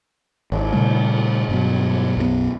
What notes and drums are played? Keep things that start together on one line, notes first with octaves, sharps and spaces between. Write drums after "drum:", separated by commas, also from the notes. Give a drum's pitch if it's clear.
G#1, drum: cymbal
A#2 C#3 G3 A3
G2 B2 F#3
B1 F#2 E3 B3